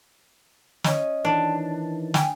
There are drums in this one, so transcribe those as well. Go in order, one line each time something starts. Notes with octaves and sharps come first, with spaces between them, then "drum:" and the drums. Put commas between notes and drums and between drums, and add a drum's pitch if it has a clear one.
C#4 D#5, drum: snare
D#3 E3 D4
G5 G#5, drum: snare